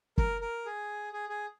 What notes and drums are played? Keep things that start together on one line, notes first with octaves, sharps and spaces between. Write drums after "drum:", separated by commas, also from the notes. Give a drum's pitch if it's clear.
A#4, drum: kick
A#4
G#4
G#4
G#4